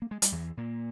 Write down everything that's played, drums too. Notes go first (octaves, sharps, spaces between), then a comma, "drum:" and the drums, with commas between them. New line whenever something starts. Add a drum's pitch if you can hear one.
A#3
G#3
G3, drum: hi-hat
E2 E3
A#2 A#3